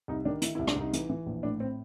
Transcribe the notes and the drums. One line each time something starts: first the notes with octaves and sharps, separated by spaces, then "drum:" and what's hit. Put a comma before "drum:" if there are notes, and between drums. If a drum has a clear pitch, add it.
C2 D#4
D#3 D4
D#3 E4, drum: hi-hat
E4
C2
D4, drum: rim click
C2 D#4
E3, drum: hi-hat
E3
A#1
A2 D4
C4